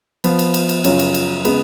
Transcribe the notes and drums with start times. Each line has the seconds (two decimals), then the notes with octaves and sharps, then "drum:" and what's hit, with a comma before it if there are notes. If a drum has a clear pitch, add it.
0.24 F3 B3 F4, drum: cymbal
0.39 drum: cymbal
0.54 drum: cymbal
0.69 drum: cymbal
0.84 F#2 C#3 F#3 C#4 F4, drum: cymbal
0.99 drum: cymbal
1.14 drum: cymbal
1.45 C#3 G#3 B3, drum: cymbal